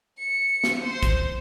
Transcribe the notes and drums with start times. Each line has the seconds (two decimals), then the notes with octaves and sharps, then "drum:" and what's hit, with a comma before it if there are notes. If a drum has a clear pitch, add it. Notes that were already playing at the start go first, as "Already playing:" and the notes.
0.18 C#7
0.64 drum: snare
0.83 C5
1.03 drum: kick, hi-hat